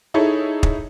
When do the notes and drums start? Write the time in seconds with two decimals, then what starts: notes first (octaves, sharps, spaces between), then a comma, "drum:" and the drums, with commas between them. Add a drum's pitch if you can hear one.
0.14 D#4 E4 G#4 A4 C#5
0.63 drum: kick